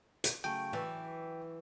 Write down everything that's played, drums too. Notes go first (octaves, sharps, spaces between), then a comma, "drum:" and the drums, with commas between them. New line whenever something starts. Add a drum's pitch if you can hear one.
drum: hi-hat
C#3 F#3 A3 G5
E3 D5 G#5